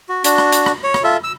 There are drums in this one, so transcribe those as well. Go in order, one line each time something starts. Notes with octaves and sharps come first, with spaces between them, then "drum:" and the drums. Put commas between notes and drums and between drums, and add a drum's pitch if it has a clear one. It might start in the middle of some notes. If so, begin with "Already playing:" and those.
F#4
D4 F#4, drum: hi-hat
drum: rim click
drum: hi-hat
drum: rim click
C#5
drum: rim click
F4 A4 E5
E6